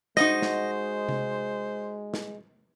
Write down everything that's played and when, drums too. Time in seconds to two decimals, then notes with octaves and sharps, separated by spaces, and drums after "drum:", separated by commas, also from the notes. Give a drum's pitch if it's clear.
0.17 G#3 D#4 F#4 C5 D#5 A#6, drum: snare
0.42 drum: snare
1.09 drum: tom C3
2.14 drum: snare